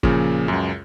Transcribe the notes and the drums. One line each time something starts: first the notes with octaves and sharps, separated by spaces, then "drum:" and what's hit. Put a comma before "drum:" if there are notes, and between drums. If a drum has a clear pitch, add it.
A#2 C#3 F3, drum: kick
C#2 F#2